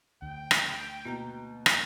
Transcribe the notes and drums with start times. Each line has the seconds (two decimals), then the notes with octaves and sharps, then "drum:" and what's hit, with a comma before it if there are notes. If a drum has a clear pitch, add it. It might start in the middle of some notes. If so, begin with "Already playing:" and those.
0.22 D2 G5
0.51 drum: rim click
1.05 B2 A#3 A#5 G6
1.66 drum: rim click